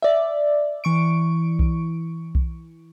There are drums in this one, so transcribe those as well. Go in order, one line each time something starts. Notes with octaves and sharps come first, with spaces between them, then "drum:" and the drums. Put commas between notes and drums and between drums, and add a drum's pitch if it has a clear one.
D5 E5
E3 C#6 D7
drum: kick B1
drum: kick B1